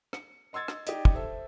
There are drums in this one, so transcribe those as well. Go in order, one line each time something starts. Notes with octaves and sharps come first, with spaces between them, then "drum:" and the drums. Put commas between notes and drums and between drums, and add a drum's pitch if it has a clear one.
C#7, drum: rim click
D#5 C6 E6 G#6 A6
drum: rim click
D#4 G4 D5 D#5, drum: hi-hat
drum: kick
A4 C5 E5